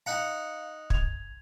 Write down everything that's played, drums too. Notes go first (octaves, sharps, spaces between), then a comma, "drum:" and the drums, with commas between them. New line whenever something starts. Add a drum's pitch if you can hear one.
D#4 F5 F#5 A#5 C#7
G#6 F7, drum: kick